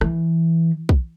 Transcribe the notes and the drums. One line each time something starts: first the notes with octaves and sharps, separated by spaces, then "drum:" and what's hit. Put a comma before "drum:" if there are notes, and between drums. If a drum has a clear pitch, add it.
E3, drum: rim click
drum: kick